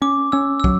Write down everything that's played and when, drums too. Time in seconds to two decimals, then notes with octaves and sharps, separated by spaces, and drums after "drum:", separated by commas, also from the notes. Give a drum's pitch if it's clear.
0.02 C#4 D6
0.32 C#4 E6
0.60 E6
0.64 F#3, drum: kick